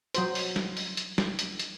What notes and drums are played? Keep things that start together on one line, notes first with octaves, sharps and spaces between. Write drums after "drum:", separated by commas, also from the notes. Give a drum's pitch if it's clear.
F#3 F#4 C5, drum: hi-hat
drum: open hi-hat
drum: snare
drum: open hi-hat
drum: hi-hat
drum: snare
drum: hi-hat
drum: hi-hat